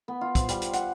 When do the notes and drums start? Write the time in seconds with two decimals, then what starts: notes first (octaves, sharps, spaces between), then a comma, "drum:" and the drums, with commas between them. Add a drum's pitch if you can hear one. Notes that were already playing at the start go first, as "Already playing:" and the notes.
0.08 B3
0.21 F4
0.35 C5, drum: kick, hi-hat
0.49 G3, drum: hi-hat
0.62 drum: hi-hat
0.73 F#5, drum: hi-hat